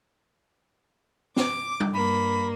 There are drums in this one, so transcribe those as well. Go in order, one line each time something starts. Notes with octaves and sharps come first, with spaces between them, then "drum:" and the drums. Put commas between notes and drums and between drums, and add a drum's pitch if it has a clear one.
D6, drum: snare
drum: tom G3
G2 A#3 B5